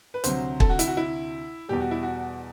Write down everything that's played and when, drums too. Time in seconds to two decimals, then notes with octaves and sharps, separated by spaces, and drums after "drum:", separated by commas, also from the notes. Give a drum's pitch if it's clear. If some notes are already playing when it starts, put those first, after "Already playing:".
0.14 B4
0.24 D2 C3 F#3 C5, drum: hi-hat
0.60 A4, drum: kick
0.69 F#4
0.79 E4, drum: hi-hat
0.87 F#4
0.97 E4
1.69 E2 B2 G3 G4
1.80 F#4
1.91 E4
2.03 F#4